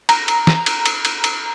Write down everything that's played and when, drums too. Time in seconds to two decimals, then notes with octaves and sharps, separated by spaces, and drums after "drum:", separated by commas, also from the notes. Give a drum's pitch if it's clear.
0.09 A#5, drum: cymbal
0.28 drum: cymbal
0.47 drum: snare
0.66 drum: cymbal
0.86 drum: cymbal
1.05 drum: cymbal
1.24 drum: cymbal